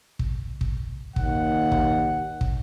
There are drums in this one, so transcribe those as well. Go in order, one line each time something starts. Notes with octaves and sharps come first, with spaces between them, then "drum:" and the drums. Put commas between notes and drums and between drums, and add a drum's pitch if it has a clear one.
drum: kick
drum: kick
D#2 F#5, drum: kick
drum: kick
drum: kick